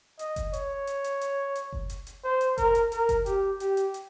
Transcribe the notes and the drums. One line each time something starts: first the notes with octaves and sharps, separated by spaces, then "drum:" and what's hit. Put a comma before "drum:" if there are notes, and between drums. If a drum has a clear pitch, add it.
D#5, drum: hi-hat
drum: kick F#1, hi-hat
C#5, drum: hi-hat
drum: hi-hat
drum: hi-hat
drum: hi-hat
drum: hi-hat
drum: kick F#1
drum: hi-hat
drum: hi-hat
C5
drum: hi-hat
A#4, drum: kick F#1, hi-hat
drum: hi-hat
A#4, drum: hi-hat
drum: kick F#1, hi-hat
G4, drum: hi-hat
G4, drum: hi-hat
drum: hi-hat
drum: hi-hat